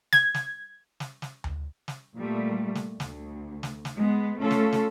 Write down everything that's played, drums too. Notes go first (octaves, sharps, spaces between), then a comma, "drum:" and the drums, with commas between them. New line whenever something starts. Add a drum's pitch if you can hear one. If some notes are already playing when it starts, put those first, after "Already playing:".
G#6, drum: snare
drum: snare
drum: snare
drum: snare
drum: tom D2
drum: snare
A#2 G3 A3
drum: snare
D2, drum: snare
drum: snare
drum: snare
G#3 B3
A3 C#4 F4 A4
drum: snare
drum: snare